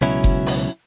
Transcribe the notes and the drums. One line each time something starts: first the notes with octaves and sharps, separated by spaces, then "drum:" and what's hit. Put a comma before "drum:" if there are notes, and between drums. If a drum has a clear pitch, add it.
C#2 B2 F#3 C#4 E4
drum: kick F#1
drum: open hi-hat